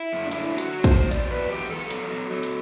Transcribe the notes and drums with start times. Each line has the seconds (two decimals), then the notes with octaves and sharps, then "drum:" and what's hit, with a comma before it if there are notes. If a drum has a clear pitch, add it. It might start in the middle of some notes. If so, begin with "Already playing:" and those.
Already playing: E4
0.13 F#2
0.25 D4
0.31 D3 E4, drum: hi-hat
0.52 F#3
0.58 F#4, drum: hi-hat
0.72 F#3
0.84 C5, drum: kick, hi-hat
0.91 F#3
1.11 F#3 D5, drum: hi-hat
1.31 E2 B4
1.51 E2 G4
1.71 E2 A4
1.90 F#3, drum: hi-hat
2.10 F#3
2.31 F#3
2.43 drum: hi-hat